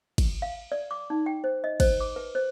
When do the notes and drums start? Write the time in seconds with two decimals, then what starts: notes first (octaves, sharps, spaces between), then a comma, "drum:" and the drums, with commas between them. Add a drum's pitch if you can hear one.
0.18 drum: kick, cymbal
0.42 F5
0.72 D5
0.91 D6
1.10 D#4
1.26 G5
1.44 C5
1.64 D#5
1.80 C5, drum: kick, cymbal
2.01 D6
2.16 B4
2.35 C5